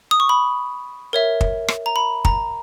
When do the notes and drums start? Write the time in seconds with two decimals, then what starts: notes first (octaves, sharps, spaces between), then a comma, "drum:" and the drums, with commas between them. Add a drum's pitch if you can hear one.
0.11 D#6
0.20 C#6
0.29 B5
1.13 A#4 C#5 E5
1.41 drum: kick
1.68 drum: rim click
1.86 A#5
1.96 B5
2.25 A#5, drum: kick